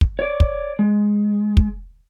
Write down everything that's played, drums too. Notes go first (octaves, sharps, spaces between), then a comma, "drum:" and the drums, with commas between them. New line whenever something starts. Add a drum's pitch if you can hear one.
drum: kick
C#5 D5
drum: kick
G#3
drum: kick